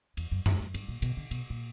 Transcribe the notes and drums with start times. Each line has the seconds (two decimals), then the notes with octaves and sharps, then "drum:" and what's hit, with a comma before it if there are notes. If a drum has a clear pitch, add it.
0.17 E2, drum: cymbal
0.31 F#2
0.46 F#2, drum: tom F#2
0.60 F#2
0.74 G2, drum: cymbal
0.88 A#2
1.02 B2, drum: cymbal
1.17 D3
1.31 B2, drum: cymbal
1.50 A#2